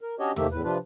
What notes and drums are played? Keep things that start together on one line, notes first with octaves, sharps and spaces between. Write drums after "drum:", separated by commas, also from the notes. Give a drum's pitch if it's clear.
A#4
C#4 D4 F#4 G4 C#5 D#5
C3 D#3 A3 A#3 G4 E5, drum: tom E2
E2 A2 B4
C3 F3 D4 F4 B4